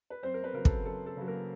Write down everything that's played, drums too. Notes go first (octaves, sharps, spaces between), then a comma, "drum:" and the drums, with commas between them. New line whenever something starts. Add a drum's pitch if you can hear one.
B4
F#2 C4 C5
A#4
B3 B4
C#3 F#3 A#4
A4, drum: kick
F#2 A4
A4
C#3 F#3
A#3 A#4